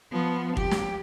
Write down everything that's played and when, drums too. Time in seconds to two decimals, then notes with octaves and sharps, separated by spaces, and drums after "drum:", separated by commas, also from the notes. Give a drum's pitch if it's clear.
0.12 F3 B3
0.57 G4, drum: kick
0.71 drum: snare